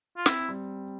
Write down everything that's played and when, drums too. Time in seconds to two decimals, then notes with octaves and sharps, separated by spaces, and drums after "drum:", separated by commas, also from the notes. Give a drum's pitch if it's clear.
0.17 F4
0.26 C4 E4, drum: snare
0.49 G3